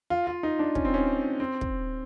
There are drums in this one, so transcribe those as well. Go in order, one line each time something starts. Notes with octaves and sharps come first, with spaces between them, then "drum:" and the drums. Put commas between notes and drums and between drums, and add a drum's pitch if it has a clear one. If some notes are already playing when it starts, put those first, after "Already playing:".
F4
F4
D#4
D4
C#4, drum: kick
C4
C#4
C4
drum: kick